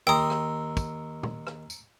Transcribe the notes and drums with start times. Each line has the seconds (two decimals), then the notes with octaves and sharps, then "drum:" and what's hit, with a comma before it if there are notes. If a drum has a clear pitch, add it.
0.07 D#2 G5 A#5 C6 D#6 E6
0.30 drum: rim click
0.77 drum: kick, tambourine
1.23 drum: tom A#2
1.47 drum: rim click
1.70 drum: tambourine